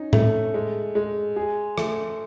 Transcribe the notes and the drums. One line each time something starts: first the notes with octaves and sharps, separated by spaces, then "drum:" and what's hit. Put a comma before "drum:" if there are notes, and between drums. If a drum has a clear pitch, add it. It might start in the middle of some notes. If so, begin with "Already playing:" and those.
Already playing: C#4 D#4
A3, drum: tom A2
G#3
G#3
G#4
A3, drum: rim click